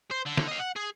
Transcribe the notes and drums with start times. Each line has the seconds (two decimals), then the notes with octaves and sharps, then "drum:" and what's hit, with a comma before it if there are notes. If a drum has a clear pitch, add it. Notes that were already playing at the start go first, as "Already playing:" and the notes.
0.11 C5
0.26 D3
0.37 drum: snare
0.48 D#5 F5
0.60 F#5
0.76 G#4